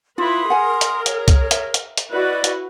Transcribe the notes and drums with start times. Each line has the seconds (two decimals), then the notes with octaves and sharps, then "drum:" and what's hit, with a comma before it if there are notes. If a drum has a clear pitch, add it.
0.18 E4 F4 B4 B5 C6 D#6
0.50 G#4 A#4 F#5 G#5
0.81 drum: hi-hat
1.06 C#5, drum: hi-hat
1.28 drum: kick, hi-hat
1.51 E5, drum: hi-hat
1.74 drum: hi-hat
1.97 drum: hi-hat
2.11 E4 F#4 B4 D5 D#5
2.44 drum: hi-hat